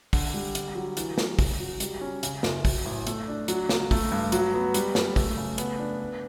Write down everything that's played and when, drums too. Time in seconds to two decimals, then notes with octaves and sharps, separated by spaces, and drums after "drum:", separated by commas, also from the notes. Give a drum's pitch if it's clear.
0.13 D3, drum: kick, open hi-hat
0.34 G3
0.55 D3, drum: hi-hat
0.75 F#3
0.97 E3, drum: hi-hat
1.18 G3, drum: snare
1.39 C#3, drum: kick, open hi-hat
1.60 F#3
1.80 G3, drum: hi-hat
2.01 C#4
2.23 C#3, drum: hi-hat
2.43 F#1, drum: snare
2.65 F#3, drum: kick, open hi-hat
2.85 A1
3.07 A3, drum: hi-hat
3.28 D4
3.48 F#3, drum: hi-hat
3.69 C#2, drum: snare
3.91 A3, drum: kick, open hi-hat
4.12 G2
4.32 F#3, drum: hi-hat
4.54 B3
4.74 G3, drum: hi-hat
4.95 F#2, drum: snare
5.16 A3, drum: kick, open hi-hat
5.37 C#3
5.58 B3, drum: hi-hat
5.79 D4
6.00 B3